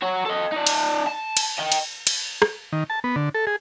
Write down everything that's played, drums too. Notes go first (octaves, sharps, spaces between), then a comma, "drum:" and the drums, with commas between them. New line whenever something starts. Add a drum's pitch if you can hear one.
F#4 C#5
A4 D#5
D#4 D5
drum: cymbal
A5
drum: cymbal
D#5 G5
drum: cymbal
drum: cymbal
drum: rim click
D#3
A5
B3
D3
A4
G#4